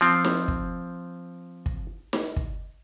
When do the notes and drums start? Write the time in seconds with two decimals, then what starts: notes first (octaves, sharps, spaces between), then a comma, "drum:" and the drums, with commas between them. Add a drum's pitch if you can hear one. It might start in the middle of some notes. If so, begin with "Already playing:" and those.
0.01 F3 C4
0.25 drum: snare D#4
0.48 drum: kick
1.66 drum: kick
2.13 drum: snare D#4
2.36 drum: kick